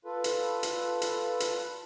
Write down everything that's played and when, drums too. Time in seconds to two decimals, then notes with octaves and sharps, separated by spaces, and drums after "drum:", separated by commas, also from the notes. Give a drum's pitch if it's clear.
0.05 F4 A4 B4
0.24 drum: hi-hat
0.63 drum: hi-hat
1.02 drum: hi-hat
1.40 drum: hi-hat